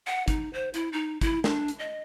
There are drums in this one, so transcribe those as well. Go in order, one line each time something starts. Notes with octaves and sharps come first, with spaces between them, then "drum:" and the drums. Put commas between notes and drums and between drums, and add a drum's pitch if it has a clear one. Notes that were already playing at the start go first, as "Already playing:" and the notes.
F#5
D#4, drum: kick, hi-hat
C5
E4, drum: hi-hat
D#4
E4, drum: kick, hi-hat
D4, drum: snare
drum: hi-hat
D#5